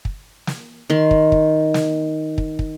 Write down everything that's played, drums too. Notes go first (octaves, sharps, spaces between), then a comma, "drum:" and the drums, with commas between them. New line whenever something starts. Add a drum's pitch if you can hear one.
drum: kick
drum: snare
D#3 C6
drum: kick
drum: kick
drum: snare
drum: kick
drum: kick